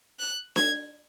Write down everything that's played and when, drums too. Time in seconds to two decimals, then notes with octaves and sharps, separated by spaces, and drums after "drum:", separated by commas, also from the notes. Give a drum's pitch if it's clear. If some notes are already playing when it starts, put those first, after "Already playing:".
0.19 F#6
0.56 G#6, drum: snare D4